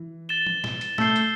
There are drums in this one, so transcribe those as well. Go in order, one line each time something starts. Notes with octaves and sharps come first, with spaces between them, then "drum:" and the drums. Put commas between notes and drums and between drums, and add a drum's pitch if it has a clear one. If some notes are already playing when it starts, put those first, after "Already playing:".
Already playing: E3
A6 E7 G7
drum: tom F3
drum: snare
drum: hi-hat
A3 E6 G6 C7 G7, drum: snare
drum: hi-hat